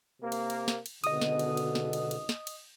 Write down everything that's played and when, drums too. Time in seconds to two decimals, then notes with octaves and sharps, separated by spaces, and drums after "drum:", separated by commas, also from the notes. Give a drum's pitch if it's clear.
0.22 C3 A#3
0.32 drum: cymbal
0.50 drum: cymbal
0.68 drum: snare
0.86 drum: cymbal
1.04 G#1 C#2 B2 D3 D#5 D#6, drum: cymbal
1.22 drum: snare
1.39 drum: cymbal
1.57 drum: cymbal
1.75 drum: snare
1.93 drum: cymbal
2.11 drum: cymbal
2.29 drum: snare
2.47 drum: cymbal